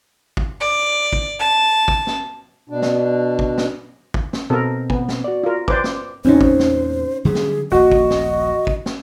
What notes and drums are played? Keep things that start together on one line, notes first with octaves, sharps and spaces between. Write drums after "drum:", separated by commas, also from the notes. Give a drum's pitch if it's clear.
drum: kick
D5
drum: kick
A5
drum: kick
drum: snare
B2 D4
drum: snare
drum: kick
drum: snare
drum: kick
drum: snare
B2 C4 A4 A#4
B3, drum: kick
drum: snare
F#4 D5
F4 A#4
B4 C5 D5 D6, drum: kick
drum: snare
E2 A#2 C4 C#4 D#4 C5
drum: kick
drum: snare
D3 F#3 G3 G#4
drum: snare
D#1 A#1 F#4 D#5
drum: kick
drum: snare
drum: kick
drum: snare